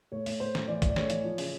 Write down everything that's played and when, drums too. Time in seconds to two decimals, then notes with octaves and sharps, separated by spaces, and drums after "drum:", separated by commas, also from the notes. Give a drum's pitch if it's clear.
0.12 A2 C#5
0.26 A2, drum: open hi-hat
0.40 A2 C5
0.55 A2, drum: snare
0.68 E3 D5
0.82 E3, drum: kick, hi-hat
0.89 D5
0.96 A2 C#5, drum: snare
1.10 E3, drum: hi-hat
1.24 F3
1.38 C#3, drum: open hi-hat